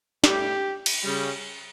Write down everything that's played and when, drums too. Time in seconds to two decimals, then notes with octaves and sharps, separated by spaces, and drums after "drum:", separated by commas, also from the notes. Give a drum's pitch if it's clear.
0.24 A2 G3 G4, drum: snare
0.86 drum: cymbal
1.03 C#3 G3